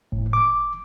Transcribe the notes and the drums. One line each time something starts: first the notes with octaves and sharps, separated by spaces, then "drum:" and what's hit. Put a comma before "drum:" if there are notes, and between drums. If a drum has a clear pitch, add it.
A2, drum: kick F#1
D6